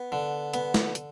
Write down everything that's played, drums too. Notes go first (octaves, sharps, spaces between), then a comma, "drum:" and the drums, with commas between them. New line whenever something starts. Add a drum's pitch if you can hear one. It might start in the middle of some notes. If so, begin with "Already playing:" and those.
Already playing: B3
D3
B3, drum: hi-hat
drum: snare
drum: hi-hat